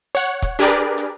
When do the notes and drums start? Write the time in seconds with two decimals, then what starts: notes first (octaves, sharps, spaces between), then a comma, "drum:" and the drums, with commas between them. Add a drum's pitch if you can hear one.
0.15 C#5 F#5, drum: hi-hat
0.42 drum: kick, hi-hat
0.59 D4 G4 G#4 A#4 B4 D5
0.98 drum: hi-hat